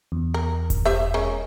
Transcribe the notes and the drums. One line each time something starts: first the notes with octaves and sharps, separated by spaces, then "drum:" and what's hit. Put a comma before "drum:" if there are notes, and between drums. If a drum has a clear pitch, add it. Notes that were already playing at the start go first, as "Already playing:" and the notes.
E2
A#4
drum: kick E1, hi-hat
G4 C5 E5
G#3 C#4 A#4